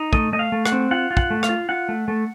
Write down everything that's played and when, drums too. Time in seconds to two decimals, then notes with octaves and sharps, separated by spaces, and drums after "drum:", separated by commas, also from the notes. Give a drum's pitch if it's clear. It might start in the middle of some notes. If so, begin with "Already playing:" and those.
Already playing: D#4
0.13 A3 D#5, drum: kick
0.33 A3 D#5
0.39 F5
0.52 A3
0.66 F#5, drum: rim click
0.72 C4
0.91 F4 F#5
1.11 F4
1.17 F#5, drum: kick
1.30 A3
1.43 F5, drum: rim click
1.49 F4
1.69 F4 F#5
1.89 A3
2.08 A3